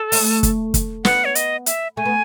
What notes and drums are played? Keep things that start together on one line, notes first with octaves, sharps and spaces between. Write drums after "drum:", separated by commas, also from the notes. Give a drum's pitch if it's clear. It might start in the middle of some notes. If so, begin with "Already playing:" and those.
Already playing: A4
A3, drum: open hi-hat
drum: kick, hi-hat
drum: kick, hi-hat
B3 F#5, drum: snare
C#5
D#5, drum: hi-hat
E5, drum: hi-hat
A3 G#5
B3